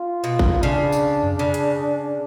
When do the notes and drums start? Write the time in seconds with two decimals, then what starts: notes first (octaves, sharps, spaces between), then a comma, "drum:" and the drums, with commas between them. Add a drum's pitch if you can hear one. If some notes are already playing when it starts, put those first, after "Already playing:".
Already playing: F4
0.24 B2
0.39 drum: kick A1
0.62 C#3 D4
0.92 drum: tambourine
1.23 drum: tom F2
1.39 C#3
1.54 drum: hi-hat